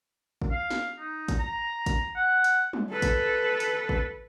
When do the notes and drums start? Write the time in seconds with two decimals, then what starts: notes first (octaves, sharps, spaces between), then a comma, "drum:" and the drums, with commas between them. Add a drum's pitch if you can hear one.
0.42 drum: kick G#1
0.51 F5
0.71 drum: snare
0.99 D#4
1.28 drum: kick G#1, hi-hat
1.39 A#5
1.86 drum: kick G#1, hi-hat
2.15 F#5
2.44 drum: hi-hat
2.73 drum: tom
2.90 A4 B4
3.02 drum: kick G#1, hi-hat
3.60 drum: hi-hat
3.89 drum: kick G#1